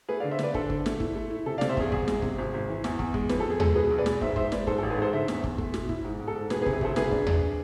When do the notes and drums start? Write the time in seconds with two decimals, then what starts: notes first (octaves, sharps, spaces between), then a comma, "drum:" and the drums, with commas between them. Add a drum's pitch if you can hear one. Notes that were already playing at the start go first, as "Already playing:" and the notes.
0.08 A3 G#4 B4
0.20 D5 F5
0.24 D3
0.31 C5 E5
0.39 D3 B4 D5, drum: snare
0.54 D4 A4 C5, drum: kick
0.70 D3, drum: kick
0.86 A3, drum: snare
1.00 E4, drum: kick
1.16 A3
1.31 E4
1.46 C3 A4
1.58 D5 F5
1.61 C3, drum: snare
1.69 C5 E5
1.77 E2 G#4, drum: kick
1.92 C2 G#4, drum: kick
2.08 G#3, drum: snare
2.22 C3, drum: kick
2.38 G#1
2.54 G#1
2.69 E3
2.84 E2, drum: snare
2.99 E2, drum: kick
3.14 G#3, drum: kick
3.29 F2 B4, drum: snare
3.40 F2 A4
3.50 G#4
3.60 G#3 A4, drum: tom D#2
3.75 B2 G#4 B4
3.91 B1
3.98 B4 D5
4.06 G#3, drum: snare
4.21 G#2 C5 E5, drum: kick
4.36 G#3 C5 E5, drum: kick
4.52 G#3 B4 D5, drum: snare
4.67 G#2 A4 C5, drum: kick
4.78 A4
4.83 A1
4.90 G#4 B4
4.97 G#2 A4 C5
5.13 D3 C5 E5
5.28 E2, drum: snare
5.44 E2, drum: kick
5.58 A3, drum: kick
5.74 B2, drum: snare
5.89 E4, drum: kick
6.04 G#2
6.20 G#2
6.28 A4
6.35 G#2
6.50 E1 G#4 B4, drum: snare
6.62 G#4 B4
6.66 C3, drum: kick
6.73 G#4 B4
6.81 D2 A4 C5, drum: kick
6.96 C2 G#4 B4, drum: snare
7.11 D4, drum: kick
7.26 D4, drum: tom D#2